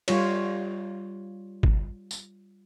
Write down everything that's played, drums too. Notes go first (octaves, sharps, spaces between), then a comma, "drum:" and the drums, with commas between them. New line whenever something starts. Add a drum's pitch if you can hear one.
G3 F4 C#5, drum: cymbal
drum: kick
drum: tambourine